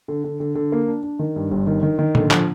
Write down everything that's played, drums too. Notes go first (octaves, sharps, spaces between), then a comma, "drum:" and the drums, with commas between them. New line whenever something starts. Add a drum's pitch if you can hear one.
D3
D3
D3
D3
A#3
D4
D4
D#3
G2
G1
D#3
D#3
D#3
D3, drum: tom A2
F3, drum: clap